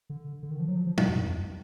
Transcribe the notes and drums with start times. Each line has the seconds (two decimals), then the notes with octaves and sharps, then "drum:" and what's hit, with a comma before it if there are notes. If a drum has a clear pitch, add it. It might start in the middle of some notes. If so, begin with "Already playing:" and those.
0.10 D3
0.43 D3
0.51 D#3
0.59 F3
0.68 F#3
0.76 F3
0.87 F3
0.98 B2, drum: tom F#3
1.08 F#2
1.25 F2